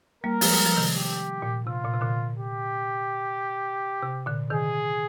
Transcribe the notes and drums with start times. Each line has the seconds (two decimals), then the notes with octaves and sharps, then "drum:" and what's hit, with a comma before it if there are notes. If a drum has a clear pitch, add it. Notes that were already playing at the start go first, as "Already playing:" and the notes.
0.24 G3 A#3 A#4
0.41 F3 G#3, drum: open hi-hat
0.54 G3
0.66 F3
0.77 C3 D#3
0.95 G4
1.42 A#2
1.66 C3 F4
1.84 A#2
1.93 C3
2.01 A#2 D3
2.37 G4
4.02 C3
4.26 A#2 D3
4.50 C3 D#3 G#4